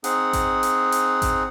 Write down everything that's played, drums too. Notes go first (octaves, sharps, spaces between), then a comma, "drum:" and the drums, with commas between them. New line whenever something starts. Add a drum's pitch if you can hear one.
C4 D#4 G#4 F#5, drum: hi-hat
drum: kick G#1, hi-hat
drum: hi-hat
drum: hi-hat
drum: kick G#1, hi-hat